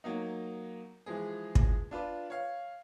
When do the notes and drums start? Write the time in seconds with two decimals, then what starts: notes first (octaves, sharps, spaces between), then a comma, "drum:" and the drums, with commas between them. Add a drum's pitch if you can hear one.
0.04 F#3 A#3 D#4
1.06 E3 F3 G#3 G#4
1.55 drum: kick
1.91 D4 F4 B4 D5
2.30 C#5 F5